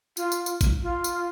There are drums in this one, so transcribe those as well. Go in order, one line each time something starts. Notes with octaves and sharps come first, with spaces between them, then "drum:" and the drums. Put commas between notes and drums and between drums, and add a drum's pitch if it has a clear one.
F4, drum: tambourine
drum: tambourine
drum: tambourine
drum: kick G#1, tambourine
F4
drum: tambourine